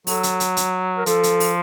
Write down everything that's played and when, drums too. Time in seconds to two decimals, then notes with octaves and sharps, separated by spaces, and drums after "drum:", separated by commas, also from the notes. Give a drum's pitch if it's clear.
0.07 F#3 A4, drum: open hi-hat
0.23 drum: hi-hat
0.40 drum: hi-hat
0.57 drum: hi-hat
0.97 A#4
1.06 F3 A4, drum: hi-hat
1.23 drum: hi-hat
1.40 drum: open hi-hat